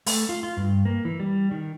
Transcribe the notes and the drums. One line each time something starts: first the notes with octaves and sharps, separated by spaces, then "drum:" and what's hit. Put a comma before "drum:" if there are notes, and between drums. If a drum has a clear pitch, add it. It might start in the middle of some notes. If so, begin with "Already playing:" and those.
A3, drum: open hi-hat
F4
F4
G2
A#3
E3
G3
D#3